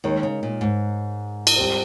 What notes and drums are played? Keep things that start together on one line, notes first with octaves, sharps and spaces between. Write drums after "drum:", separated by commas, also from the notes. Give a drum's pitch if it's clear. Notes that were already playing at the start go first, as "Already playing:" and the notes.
D#2 D#3 G#3 D#4 A#4 C#5
C#3
A#2
G#2
drum: cymbal
G3 C4 G4 C5